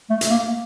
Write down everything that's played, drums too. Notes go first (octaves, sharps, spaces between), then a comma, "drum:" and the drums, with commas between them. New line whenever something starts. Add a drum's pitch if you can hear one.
A3
drum: hi-hat
A#3